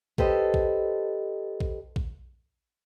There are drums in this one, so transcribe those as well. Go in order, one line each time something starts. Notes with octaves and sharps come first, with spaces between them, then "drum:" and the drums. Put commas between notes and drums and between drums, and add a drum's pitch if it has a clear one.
G4 A4 B4 C5 D#5, drum: kick A#1
drum: kick A#1
drum: kick A#1
drum: kick A#1